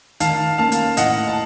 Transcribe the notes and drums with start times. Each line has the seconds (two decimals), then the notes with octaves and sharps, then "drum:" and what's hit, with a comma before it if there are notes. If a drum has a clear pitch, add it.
0.20 D#3 F5 A5, drum: hi-hat
0.58 A#3 C#4 F5 A5
0.72 drum: hi-hat
0.97 A2 D#5 F#5, drum: hi-hat
1.28 A5